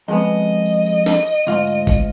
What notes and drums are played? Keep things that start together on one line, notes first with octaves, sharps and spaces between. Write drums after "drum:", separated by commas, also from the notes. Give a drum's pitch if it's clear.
F2 G#3 B3 D#5
drum: tambourine
drum: tambourine
drum: snare
drum: tambourine
D2 G#2 F4, drum: tambourine
drum: tambourine
drum: kick, tambourine